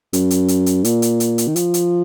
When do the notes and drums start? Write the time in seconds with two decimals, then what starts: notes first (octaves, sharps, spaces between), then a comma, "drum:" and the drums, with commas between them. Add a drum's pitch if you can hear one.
0.13 F#2, drum: hi-hat
0.30 drum: hi-hat
0.48 drum: hi-hat
0.66 drum: hi-hat
0.84 A#2, drum: hi-hat
1.02 drum: hi-hat
1.20 drum: hi-hat
1.38 drum: hi-hat
1.48 D#3
1.56 F3, drum: hi-hat
1.74 drum: hi-hat